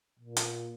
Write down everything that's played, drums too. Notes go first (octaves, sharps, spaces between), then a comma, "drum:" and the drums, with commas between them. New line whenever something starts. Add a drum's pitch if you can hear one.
A#2
drum: hi-hat